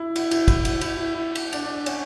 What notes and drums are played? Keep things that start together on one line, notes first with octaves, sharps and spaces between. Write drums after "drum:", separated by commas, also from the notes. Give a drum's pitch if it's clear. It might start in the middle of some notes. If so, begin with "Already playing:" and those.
Already playing: E4
E4, drum: cymbal
E4, drum: cymbal
E4, drum: kick, cymbal
E4, drum: cymbal
E4, drum: cymbal
E4
E4
drum: cymbal
D4, drum: cymbal
D4
D4
C#4, drum: cymbal